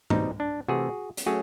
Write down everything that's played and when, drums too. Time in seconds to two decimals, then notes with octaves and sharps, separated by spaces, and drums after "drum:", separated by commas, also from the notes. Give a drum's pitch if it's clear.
0.10 B2 G3 C4 D#4, drum: tom
0.40 D4
0.68 C3 E3 A3 F#4 G#4
1.17 drum: hi-hat
1.26 F#3 A3 C#4 F#4 G#4